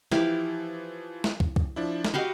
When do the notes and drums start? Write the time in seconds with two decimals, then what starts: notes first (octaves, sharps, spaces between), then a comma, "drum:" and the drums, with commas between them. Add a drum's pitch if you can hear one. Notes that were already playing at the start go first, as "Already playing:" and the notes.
0.12 E3 F3 E4 G4 F5, drum: snare
1.24 drum: snare
1.40 drum: kick
1.56 drum: kick
1.76 F3 D4 E4
2.05 drum: snare
2.14 F#4 G4 D#5 F5 F#5 B5